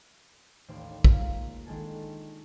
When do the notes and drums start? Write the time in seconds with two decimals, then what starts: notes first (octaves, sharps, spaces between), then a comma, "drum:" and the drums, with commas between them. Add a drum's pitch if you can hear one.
0.68 E1 A1 D#2 C5 D5
1.04 G#3 A#3 F4, drum: kick
1.66 D#3 G#3 D4 G#4 A4